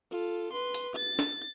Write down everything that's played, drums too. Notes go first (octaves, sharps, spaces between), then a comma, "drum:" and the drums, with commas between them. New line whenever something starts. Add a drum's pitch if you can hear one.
F4 A4
B4 C6
drum: hi-hat
A6
drum: snare